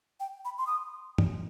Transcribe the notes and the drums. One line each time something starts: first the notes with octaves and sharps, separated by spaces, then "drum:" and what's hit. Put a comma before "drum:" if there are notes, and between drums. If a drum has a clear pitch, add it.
G5
B5
C6
D#6
drum: tom